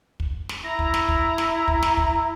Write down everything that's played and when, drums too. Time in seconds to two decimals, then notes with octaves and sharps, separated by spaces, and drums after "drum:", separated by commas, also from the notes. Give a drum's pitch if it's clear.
0.20 drum: kick
0.49 drum: snare
0.64 E4 A#5
0.79 drum: kick
0.94 drum: snare
1.08 drum: kick
1.38 drum: snare
1.68 drum: kick
1.82 drum: snare
1.97 drum: kick